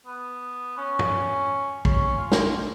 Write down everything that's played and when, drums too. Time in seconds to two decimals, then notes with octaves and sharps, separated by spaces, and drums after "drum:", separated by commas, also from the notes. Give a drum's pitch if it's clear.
0.06 B3
0.78 C#4
0.99 drum: tom
1.85 C#4, drum: kick
2.18 F4
2.32 drum: snare